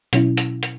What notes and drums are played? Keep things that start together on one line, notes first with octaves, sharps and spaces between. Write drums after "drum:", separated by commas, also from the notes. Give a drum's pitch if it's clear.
B2 F#3 C#4 E4, drum: hi-hat
drum: hi-hat
drum: hi-hat